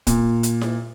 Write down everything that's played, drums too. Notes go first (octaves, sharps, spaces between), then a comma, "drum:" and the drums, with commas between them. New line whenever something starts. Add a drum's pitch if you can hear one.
A#2, drum: kick, hi-hat
drum: hi-hat
drum: snare E4